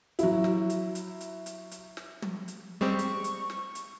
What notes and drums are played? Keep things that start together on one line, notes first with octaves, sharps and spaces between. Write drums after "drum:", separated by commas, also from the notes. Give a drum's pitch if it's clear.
F#3 E4, drum: hi-hat
drum: snare
drum: hi-hat
drum: hi-hat
drum: hi-hat
drum: hi-hat
drum: hi-hat
drum: snare
drum: tom
drum: hi-hat
G3 G#3 C4 C#6
drum: hi-hat
drum: hi-hat
drum: snare
drum: hi-hat